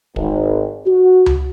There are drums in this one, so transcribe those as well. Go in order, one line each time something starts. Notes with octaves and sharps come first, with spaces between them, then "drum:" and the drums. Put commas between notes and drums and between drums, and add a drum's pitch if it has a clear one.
G#1, drum: kick
F#4
drum: tom C#2